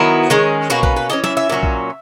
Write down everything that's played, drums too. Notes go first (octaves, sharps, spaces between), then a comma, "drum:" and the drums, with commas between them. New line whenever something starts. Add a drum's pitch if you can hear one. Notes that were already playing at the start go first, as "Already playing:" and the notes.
Already playing: D#3 F#3 B3 E4
D#3 G#3 C#4
B2 A#3 C#4 F#4
B4, drum: kick A#1
B4
E3 A#3 C#4 D#5
E5, drum: snare
E5
A#2 F#3 C#4
drum: kick A#1